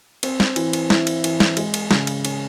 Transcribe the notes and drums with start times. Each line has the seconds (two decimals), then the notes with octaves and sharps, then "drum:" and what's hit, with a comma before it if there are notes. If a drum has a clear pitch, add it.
0.23 C4, drum: cymbal
0.40 drum: snare
0.56 E3, drum: cymbal
0.73 drum: cymbal
0.90 E4, drum: snare
1.07 drum: cymbal
1.24 E3, drum: cymbal
1.40 drum: snare
1.57 G#3, drum: cymbal
1.74 drum: cymbal
1.91 C#3, drum: snare
2.07 drum: cymbal
2.25 C#4, drum: cymbal